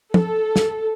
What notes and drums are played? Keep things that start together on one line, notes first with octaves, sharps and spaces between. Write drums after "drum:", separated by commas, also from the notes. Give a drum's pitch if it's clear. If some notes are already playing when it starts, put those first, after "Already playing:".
A4, drum: tom
drum: snare